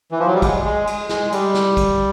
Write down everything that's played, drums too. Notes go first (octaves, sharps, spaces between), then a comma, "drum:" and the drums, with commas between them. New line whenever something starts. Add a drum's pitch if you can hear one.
E3
F3
F#3
G3
G#3, drum: kick, cymbal
G#3
drum: cymbal
G#3, drum: snare
G3, drum: cymbal
drum: snare
drum: kick, cymbal